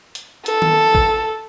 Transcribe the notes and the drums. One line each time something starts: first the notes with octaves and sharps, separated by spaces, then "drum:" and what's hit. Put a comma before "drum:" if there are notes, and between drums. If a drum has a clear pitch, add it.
drum: hi-hat
A4, drum: hi-hat
drum: tom D#3
drum: kick A1